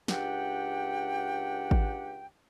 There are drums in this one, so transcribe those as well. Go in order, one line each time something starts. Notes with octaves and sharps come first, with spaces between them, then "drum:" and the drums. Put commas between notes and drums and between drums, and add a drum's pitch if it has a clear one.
C#2 D4 G4 F#5 G5, drum: snare
drum: kick G#1